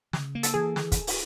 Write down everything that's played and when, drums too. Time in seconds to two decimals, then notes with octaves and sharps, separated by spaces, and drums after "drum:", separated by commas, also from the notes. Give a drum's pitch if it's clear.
0.13 C#3, drum: snare
0.35 A#3
0.43 A4, drum: hi-hat
0.54 E3 G#4
0.76 drum: snare
0.92 drum: kick, hi-hat
1.07 drum: open hi-hat